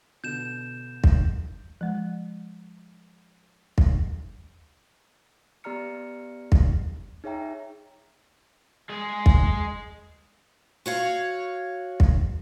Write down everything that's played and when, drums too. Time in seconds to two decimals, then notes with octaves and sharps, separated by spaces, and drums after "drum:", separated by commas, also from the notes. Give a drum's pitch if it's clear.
0.24 B2 D3 G6 E7
1.04 drum: kick
1.81 F3 G#3
3.78 drum: kick
5.64 B3 G4 D5 A#5 F6 C#7
6.52 drum: kick
7.24 D#4 G#4 C#5 E5 G5 A#5
8.89 G#3 G#4
9.26 drum: kick
10.86 F#4 C#5 F5
12.00 drum: kick